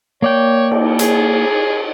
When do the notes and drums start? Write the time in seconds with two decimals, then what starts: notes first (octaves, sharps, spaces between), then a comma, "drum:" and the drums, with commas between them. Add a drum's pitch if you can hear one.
0.22 A#3 C#5 D5 G5
0.72 drum: cymbal
0.99 G#4, drum: hi-hat